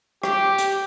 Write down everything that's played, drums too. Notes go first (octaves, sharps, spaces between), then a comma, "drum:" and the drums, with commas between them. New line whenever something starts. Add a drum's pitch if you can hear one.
G4, drum: rim click
drum: hi-hat